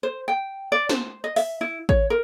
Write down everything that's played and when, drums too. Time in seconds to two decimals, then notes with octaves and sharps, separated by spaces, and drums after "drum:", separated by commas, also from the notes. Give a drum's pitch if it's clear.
0.03 C5
0.28 G5
0.72 D5
0.89 C5, drum: snare
1.24 D#5
1.36 E5, drum: open hi-hat
1.61 E4
1.89 C#5, drum: kick A1
2.10 A#4